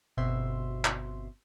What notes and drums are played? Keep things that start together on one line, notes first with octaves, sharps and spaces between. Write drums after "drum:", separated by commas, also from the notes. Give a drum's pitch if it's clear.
G1 B2 C4 E5 C6
drum: clap